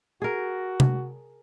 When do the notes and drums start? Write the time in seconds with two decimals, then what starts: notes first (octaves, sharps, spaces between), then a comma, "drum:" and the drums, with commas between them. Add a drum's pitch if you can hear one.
0.22 F#4 G#4 A#4
0.80 drum: tom C3